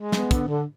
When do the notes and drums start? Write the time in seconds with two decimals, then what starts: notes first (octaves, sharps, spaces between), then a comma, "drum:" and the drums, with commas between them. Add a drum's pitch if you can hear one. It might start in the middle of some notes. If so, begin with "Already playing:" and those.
Already playing: G#3
0.12 B3, drum: snare
0.31 D3, drum: kick, hi-hat
0.48 D3